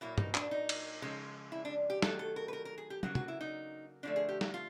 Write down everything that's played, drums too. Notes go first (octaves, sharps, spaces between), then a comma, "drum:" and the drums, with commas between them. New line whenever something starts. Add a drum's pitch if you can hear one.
A#2 F#3 A#3 E4
D#4, drum: tom
D4, drum: clap
D#4
drum: cymbal
C#3 F3 G#3
E4
D4
G4
D#3 F#3 A3 A4, drum: snare
A4
A#4
B4
A#4
A#4
G#4
G4
C#3 F#3 A#3 F#4, drum: tom
F#4, drum: tom
E4
D#4
D3 F3 A3 D4
G#4
G4
F#4, drum: snare
F4